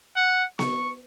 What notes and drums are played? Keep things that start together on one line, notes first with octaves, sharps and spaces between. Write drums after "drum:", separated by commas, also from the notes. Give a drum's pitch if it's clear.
F#5
C#6, drum: snare B3